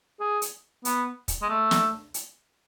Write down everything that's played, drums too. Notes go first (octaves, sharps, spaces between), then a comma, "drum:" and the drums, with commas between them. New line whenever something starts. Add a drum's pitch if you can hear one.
G#4
drum: hi-hat
B3, drum: hi-hat
drum: kick, hi-hat
G#3
A3
drum: snare
drum: hi-hat